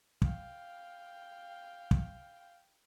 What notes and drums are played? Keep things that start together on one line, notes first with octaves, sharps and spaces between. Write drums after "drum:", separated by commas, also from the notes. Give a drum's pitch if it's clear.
F5 G5, drum: kick
drum: kick